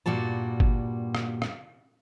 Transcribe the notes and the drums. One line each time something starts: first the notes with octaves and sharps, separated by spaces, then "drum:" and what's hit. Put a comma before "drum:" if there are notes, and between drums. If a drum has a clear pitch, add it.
G2 A#2 G3 F#4 A5
drum: kick G1
drum: rim click
drum: rim click